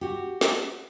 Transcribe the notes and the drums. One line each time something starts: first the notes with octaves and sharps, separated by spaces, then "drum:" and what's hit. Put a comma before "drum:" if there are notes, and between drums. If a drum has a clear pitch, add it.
F#4 G4
drum: snare